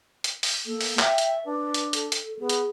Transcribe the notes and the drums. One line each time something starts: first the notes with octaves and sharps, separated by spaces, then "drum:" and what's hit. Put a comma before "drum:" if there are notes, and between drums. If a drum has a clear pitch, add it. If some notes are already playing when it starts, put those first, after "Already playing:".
drum: hi-hat
drum: open hi-hat
A#3 A4
drum: open hi-hat
E5 G5, drum: clap
drum: hi-hat
D4 B4
drum: hi-hat
A4, drum: hi-hat
drum: hi-hat
B3 G#4
drum: hi-hat